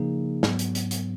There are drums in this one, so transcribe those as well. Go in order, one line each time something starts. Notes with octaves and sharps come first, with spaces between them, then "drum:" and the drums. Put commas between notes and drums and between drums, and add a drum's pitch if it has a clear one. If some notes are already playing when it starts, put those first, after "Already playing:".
Already playing: C#3 F3 A#3 D#4 G#4
G#2 F#3 B3, drum: snare
drum: hi-hat
drum: hi-hat
drum: hi-hat